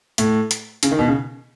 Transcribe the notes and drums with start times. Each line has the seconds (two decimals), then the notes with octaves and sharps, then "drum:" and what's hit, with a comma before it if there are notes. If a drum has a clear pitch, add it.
0.18 A2, drum: hi-hat
0.51 drum: hi-hat
0.83 C#3, drum: hi-hat
0.91 D#3
0.99 B2
1.08 C#3